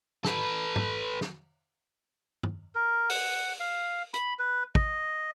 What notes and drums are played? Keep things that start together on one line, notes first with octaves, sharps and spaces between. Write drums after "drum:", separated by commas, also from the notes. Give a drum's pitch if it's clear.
A4 B4, drum: snare
drum: tom G#2
drum: snare
drum: tom G2
A#4
F#5, drum: open hi-hat
F5
B5, drum: hi-hat
B4
D#5, drum: kick